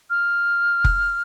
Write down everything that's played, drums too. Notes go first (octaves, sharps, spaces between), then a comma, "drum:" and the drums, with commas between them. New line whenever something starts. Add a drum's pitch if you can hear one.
F6
drum: kick F1